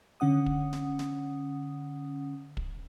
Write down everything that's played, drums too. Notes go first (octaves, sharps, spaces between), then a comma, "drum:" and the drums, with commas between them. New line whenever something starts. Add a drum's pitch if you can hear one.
D3 C#4 F#5 D#6
drum: kick
drum: snare
drum: snare
drum: kick